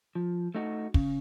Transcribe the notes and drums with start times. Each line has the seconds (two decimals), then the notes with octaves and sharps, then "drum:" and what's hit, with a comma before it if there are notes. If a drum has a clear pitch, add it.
0.15 F3
0.55 A3 D#4 F#4
0.94 C#3, drum: kick